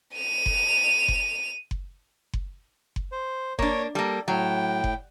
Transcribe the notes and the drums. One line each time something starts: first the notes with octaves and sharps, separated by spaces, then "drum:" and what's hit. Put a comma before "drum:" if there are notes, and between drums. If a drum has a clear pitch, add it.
D#7 F7
drum: kick F#1
drum: kick F#1
drum: kick F#1
drum: kick F#1
drum: kick F#1
C5
A#3 D4 C#5, drum: kick F#1
G3 A#3 A4
A2 F#3 G5
drum: kick F#1